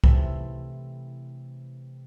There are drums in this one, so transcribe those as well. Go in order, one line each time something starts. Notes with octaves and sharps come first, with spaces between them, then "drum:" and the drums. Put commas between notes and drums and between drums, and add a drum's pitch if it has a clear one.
C3 E3 A3 E4, drum: kick C2